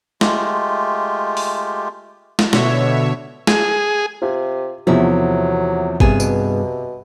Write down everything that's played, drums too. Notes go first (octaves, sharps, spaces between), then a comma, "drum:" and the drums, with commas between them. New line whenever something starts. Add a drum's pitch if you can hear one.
G#3 A3 F4 G4, drum: snare
drum: open hi-hat
drum: snare
B2 D3 C#5 E5, drum: snare
G#4, drum: snare
C3 F4
E2 C3 F3 F#3 A3 E4
G2 C3 B3 G#4, drum: kick G#1
B2, drum: tambourine